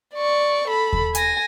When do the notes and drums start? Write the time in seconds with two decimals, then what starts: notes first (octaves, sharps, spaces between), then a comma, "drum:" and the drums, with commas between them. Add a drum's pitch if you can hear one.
0.15 D5 C#6
0.68 A4 B5
0.93 drum: kick D#2
1.15 G#5 A#6, drum: hi-hat